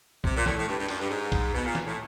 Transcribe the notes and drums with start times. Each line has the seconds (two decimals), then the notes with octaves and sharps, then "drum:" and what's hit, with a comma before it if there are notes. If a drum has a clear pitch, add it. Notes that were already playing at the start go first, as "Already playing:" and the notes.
0.24 C3, drum: kick B1
0.35 A#2
0.46 A2, drum: snare
0.57 A2
0.67 G2
0.78 G2
0.89 F#2, drum: cymbal
0.99 G2
1.10 G#2
1.32 drum: kick B1, cymbal
1.53 B2
1.64 A#2
1.75 drum: snare
1.85 A2